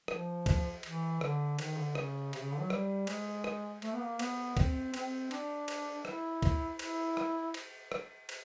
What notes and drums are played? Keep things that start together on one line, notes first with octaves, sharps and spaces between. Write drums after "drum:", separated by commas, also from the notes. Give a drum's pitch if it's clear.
F3, drum: rim click
drum: kick, cymbal
E3, drum: cymbal
D3, drum: rim click
D#3, drum: cymbal
D3
C#3, drum: rim click
C3, drum: cymbal
C#3
D3
F#3
G3, drum: rim click
G#3, drum: cymbal
drum: rim click
A3, drum: cymbal
B3
A#3
B3, drum: cymbal
C4, drum: kick, cymbal
C4, drum: cymbal
D4, drum: cymbal
drum: cymbal
E4, drum: rim click
drum: kick, cymbal
E4, drum: cymbal
drum: rim click
drum: cymbal
drum: rim click
drum: cymbal